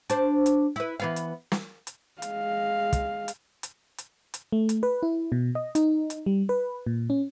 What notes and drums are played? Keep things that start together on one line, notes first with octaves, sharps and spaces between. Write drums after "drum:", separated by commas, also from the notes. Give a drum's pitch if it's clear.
D4 C5, drum: hi-hat
drum: hi-hat
E4 B4
E3 B3 F5
drum: hi-hat
drum: snare
drum: hi-hat
G#3 F5, drum: hi-hat
drum: kick, hi-hat
drum: hi-hat
drum: hi-hat
drum: hi-hat
drum: hi-hat
A3
drum: hi-hat
B4
E4
B2
D#5
D#4, drum: hi-hat
drum: hi-hat
G3
B4
A#2
C#4